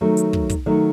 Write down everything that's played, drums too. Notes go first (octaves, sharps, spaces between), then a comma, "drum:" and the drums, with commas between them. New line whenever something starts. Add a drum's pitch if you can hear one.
D#3 F#3 A3
drum: hi-hat
drum: kick
drum: kick, hi-hat
D#3 F#3 A3